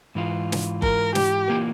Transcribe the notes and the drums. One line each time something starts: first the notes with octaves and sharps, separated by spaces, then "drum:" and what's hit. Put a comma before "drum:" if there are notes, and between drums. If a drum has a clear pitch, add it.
G#2 E3 F4
drum: snare
A#4, drum: kick F#1
G4, drum: snare
E3 A#3 F4 A#4